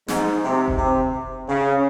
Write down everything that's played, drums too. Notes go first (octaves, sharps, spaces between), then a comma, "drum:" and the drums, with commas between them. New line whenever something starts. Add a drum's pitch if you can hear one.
G#2, drum: snare
C3
drum: kick F1
C3
C#3